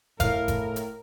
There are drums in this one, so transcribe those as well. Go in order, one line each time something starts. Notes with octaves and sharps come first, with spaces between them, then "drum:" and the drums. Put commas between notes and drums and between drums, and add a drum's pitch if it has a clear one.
A2 A#4 F5, drum: kick F#1, hi-hat
drum: kick F#1, hi-hat
drum: hi-hat